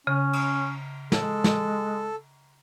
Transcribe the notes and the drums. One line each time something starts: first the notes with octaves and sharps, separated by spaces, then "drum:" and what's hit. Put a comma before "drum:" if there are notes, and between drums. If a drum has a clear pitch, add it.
C#3 C#4
drum: cymbal
G#3 A4, drum: snare
drum: snare